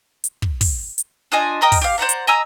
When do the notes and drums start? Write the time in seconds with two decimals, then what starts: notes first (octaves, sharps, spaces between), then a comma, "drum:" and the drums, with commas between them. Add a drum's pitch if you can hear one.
0.24 drum: hi-hat
0.42 drum: kick
0.61 drum: kick, open hi-hat
0.98 drum: hi-hat
1.32 D4 F4 D#5 G#5
1.62 A#4 D#5 G5 D#6
1.72 drum: kick, open hi-hat
1.81 G4 F5
1.98 C5 D5 F#5 A#5
2.09 drum: hi-hat
2.27 D#5 G#5 A#5 E6